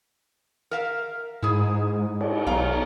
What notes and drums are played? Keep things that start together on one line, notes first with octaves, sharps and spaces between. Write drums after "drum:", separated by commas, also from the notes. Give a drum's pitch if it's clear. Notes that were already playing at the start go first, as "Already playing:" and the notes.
A#4 E5 F5
G#2 E4 G#4
drum: cymbal
B1 F5 A#5